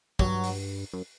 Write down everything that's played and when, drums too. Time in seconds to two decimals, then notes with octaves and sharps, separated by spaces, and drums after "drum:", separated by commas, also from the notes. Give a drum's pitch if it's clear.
0.19 G2 F#3, drum: kick
0.43 drum: open hi-hat
0.93 F#2